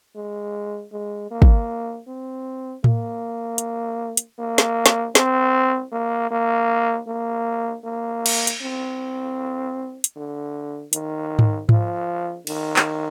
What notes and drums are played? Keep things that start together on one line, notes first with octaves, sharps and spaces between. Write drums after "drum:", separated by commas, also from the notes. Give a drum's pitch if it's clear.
G#3
G#3
A#3
drum: kick
C4
A#3, drum: tom A2
drum: hi-hat
drum: hi-hat
A#3
drum: snare
drum: snare
C4, drum: snare
A#3
A#3
A#3
A#3
drum: cymbal
drum: hi-hat
C4
drum: hi-hat
D3
D#3, drum: hi-hat
drum: tom G#2
F3, drum: tom G#2
D#3, drum: cymbal
drum: clap